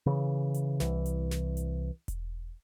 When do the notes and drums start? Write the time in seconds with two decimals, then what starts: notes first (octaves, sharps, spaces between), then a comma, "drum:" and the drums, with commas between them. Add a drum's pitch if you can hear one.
0.06 C#3 E3
0.54 drum: hi-hat
0.80 C2 E3, drum: snare
1.06 drum: hi-hat
1.31 drum: snare
1.57 drum: hi-hat
2.08 drum: kick E1, hi-hat